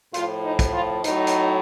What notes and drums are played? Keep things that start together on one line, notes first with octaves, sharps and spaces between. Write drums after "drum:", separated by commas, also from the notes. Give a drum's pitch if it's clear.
A2 F3 F4, drum: hi-hat
D#4
drum: kick, hi-hat
F4
A2 F#3 D#4, drum: hi-hat
drum: hi-hat